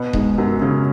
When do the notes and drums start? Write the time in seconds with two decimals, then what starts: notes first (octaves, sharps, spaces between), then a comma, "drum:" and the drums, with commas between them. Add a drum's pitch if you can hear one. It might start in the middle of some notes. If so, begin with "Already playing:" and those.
Already playing: B2 B3
0.13 G#2 G#3, drum: kick D#1
0.38 F#2 F#3
0.62 C#3 C#4